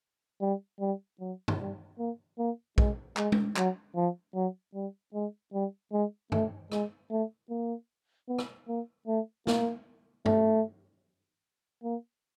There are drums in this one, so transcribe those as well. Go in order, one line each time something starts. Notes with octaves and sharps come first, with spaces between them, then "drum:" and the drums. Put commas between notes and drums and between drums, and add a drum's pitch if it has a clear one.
G3
G3
F#3
drum: tom
G3
A#3
A#3
G#3, drum: kick
G#3, drum: clap
drum: tom
F#3, drum: clap
F3
F#3
G3
G#3
G3
G#3
A3, drum: tom
G#3, drum: rim click
A3
A#3
B3
drum: rim click
A#3
A3
A#3, drum: snare
A3, drum: tom
A#3